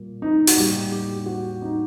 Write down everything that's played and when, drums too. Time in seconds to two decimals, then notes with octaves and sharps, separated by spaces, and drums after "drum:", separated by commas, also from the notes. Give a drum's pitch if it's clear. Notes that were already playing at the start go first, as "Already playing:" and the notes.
Already playing: A#2 G3 A#3
0.22 D#4
0.47 F#4, drum: open hi-hat
0.57 A2 G3 A#3 G4
0.92 G4
1.26 F#4
1.62 D#4